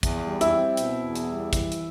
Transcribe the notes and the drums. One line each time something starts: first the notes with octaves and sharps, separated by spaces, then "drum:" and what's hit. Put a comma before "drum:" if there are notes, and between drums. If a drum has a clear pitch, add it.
E2, drum: kick, hi-hat
G3
E4, drum: hi-hat
C4
B2, drum: hi-hat
E2
drum: hi-hat
G3
E3, drum: kick, hi-hat
drum: hi-hat